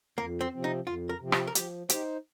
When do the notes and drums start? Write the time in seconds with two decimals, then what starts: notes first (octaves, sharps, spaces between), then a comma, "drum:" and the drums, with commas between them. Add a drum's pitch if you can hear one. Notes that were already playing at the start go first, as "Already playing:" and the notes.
0.18 F2 A#3
0.41 C4
0.52 C3 F3 C4
0.64 D#4
0.86 F2 F4
1.09 A#4
1.21 C3 F3 C4
1.32 G4, drum: rim click
1.47 A#4
1.55 F3 G4, drum: hi-hat
1.90 D#4 G4 C5, drum: hi-hat